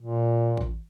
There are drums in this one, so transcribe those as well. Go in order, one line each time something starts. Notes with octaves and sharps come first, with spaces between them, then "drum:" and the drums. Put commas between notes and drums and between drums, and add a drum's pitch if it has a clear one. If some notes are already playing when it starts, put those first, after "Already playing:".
A#2
drum: kick A1